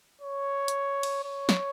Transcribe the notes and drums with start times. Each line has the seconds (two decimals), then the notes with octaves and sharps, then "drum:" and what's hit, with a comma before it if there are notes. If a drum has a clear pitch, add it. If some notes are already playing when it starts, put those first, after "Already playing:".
0.22 C#5
0.68 drum: hi-hat
1.03 drum: cymbal
1.25 C#5
1.49 drum: snare